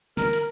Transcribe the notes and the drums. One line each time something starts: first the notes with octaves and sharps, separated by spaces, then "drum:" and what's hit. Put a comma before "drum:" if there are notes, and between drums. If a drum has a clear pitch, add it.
A#4, drum: snare
drum: hi-hat